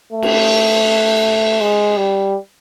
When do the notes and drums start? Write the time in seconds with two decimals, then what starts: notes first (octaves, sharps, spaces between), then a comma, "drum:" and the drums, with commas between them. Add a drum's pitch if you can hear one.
0.13 A3
0.22 drum: cymbal
1.60 G#3
1.97 G3